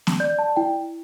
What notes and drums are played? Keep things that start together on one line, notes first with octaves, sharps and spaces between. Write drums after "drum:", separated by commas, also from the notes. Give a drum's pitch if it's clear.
drum: snare B3
D5 G6
A5
E4 G5